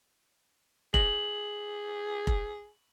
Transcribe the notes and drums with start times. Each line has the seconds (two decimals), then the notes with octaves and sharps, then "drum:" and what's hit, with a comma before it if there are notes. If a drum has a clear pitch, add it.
0.94 G#4 F#7, drum: kick F1
2.27 drum: kick F1